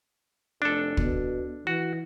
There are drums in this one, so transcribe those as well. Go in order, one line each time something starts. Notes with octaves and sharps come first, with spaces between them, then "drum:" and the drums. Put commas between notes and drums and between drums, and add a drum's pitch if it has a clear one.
F1 D4 A4
B2, drum: kick
E3 F#4